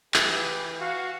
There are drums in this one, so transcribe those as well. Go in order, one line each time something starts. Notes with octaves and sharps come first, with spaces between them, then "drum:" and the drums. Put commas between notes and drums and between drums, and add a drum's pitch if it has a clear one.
E3 G4, drum: clap
F#4 F5